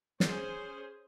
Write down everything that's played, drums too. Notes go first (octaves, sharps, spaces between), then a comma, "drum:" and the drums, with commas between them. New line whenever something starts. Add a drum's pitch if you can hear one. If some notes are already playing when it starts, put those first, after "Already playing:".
C#4 G#4 C5, drum: snare